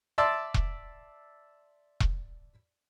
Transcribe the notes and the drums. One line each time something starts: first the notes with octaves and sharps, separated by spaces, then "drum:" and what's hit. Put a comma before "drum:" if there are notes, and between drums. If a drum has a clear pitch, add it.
D5 E5 A5 C6 D6 E6
drum: kick E1
drum: kick E1